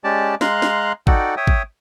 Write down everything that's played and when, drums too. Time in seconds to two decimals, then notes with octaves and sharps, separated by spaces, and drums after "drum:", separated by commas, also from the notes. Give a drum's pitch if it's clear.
0.04 G#3 C#4 G4 D5 A5
0.41 G#3 F5 A#5 C6 F#6, drum: snare
0.62 drum: snare
1.07 D#4 F#4 A4 D5 F#5 G5, drum: kick
1.37 C#5 E5 G5 D#6
1.47 drum: kick